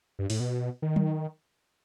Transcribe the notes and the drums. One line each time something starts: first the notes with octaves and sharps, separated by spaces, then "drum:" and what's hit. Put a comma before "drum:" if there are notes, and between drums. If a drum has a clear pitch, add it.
G2
A2, drum: open hi-hat
B2
D#3
drum: tom F#3